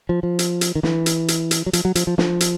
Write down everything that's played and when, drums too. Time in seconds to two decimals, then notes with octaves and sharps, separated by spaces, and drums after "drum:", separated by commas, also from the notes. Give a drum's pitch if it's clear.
0.09 F3
0.23 F3
0.39 drum: hi-hat
0.61 drum: hi-hat
0.75 D#3
0.83 E3, drum: snare
1.06 drum: hi-hat
1.28 drum: hi-hat
1.51 drum: hi-hat
1.66 F#3
1.73 F3, drum: hi-hat
1.85 F#3
1.95 F3, drum: hi-hat
2.07 F3
2.18 F3, drum: snare
2.40 drum: hi-hat